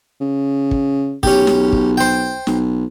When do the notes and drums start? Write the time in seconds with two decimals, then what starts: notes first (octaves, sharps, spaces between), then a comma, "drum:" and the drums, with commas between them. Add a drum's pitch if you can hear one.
0.21 C#3
0.71 drum: kick
1.23 B1 C#4 G4, drum: kick
1.47 drum: snare
1.72 drum: kick
1.97 C5 G5
2.47 B1, drum: snare